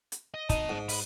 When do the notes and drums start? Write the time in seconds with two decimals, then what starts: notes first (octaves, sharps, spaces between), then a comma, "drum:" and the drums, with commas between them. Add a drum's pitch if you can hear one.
0.12 drum: hi-hat
0.34 D#5
0.49 D#4 D#5 A5, drum: kick, hi-hat
0.69 G#2
0.89 B5, drum: open hi-hat